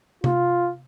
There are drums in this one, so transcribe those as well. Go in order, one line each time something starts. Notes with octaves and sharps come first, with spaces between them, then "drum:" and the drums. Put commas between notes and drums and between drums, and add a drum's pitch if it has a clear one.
F4, drum: tom C3